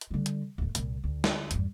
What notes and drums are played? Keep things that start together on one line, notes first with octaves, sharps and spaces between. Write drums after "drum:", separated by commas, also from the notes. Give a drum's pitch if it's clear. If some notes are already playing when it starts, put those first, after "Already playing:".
drum: hi-hat
D3 G3
drum: hi-hat
D1 A3
C2 A#2, drum: hi-hat
D2
drum: snare
E2 G2, drum: hi-hat